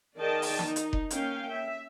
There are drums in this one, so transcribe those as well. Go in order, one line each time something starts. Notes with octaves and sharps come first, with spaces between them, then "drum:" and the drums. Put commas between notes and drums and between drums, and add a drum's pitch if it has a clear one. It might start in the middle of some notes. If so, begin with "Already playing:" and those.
D#3 G#4 D5 D#5 G5 A5
drum: open hi-hat
D#4, drum: snare
drum: hi-hat
drum: kick F1
A#3 C#4 F5 G5, drum: hi-hat
E5